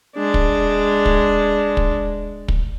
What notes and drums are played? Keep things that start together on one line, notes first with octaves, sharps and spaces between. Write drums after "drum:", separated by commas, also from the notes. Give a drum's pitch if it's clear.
G#3 D4
drum: kick
drum: kick
drum: kick
drum: kick